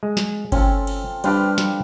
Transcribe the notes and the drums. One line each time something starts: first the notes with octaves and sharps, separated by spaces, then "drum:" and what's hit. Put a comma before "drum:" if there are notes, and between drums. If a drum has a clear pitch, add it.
G#3
drum: snare
C4 C#4 F4 A4, drum: kick G1, cymbal
drum: cymbal
G3 C4 D4 G4 B4 F5, drum: cymbal
drum: snare